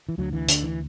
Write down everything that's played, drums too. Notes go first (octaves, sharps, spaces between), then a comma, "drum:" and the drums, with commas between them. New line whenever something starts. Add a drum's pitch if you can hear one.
E3
D2 D3 F#3
E3
D3, drum: hi-hat
E3